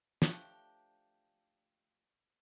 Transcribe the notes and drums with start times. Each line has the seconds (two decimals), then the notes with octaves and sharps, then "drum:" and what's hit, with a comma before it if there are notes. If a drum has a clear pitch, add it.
0.22 F3 A3 D4 G4, drum: snare